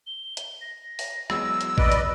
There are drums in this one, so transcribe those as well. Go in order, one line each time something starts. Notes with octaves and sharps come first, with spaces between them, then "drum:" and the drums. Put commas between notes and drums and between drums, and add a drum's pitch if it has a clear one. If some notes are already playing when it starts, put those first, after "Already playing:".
G7
drum: hi-hat
A#6
drum: open hi-hat
E2 F#3 G#3 E6, drum: rim click
drum: hi-hat
B4 D5 D#5 D7, drum: kick A1
drum: hi-hat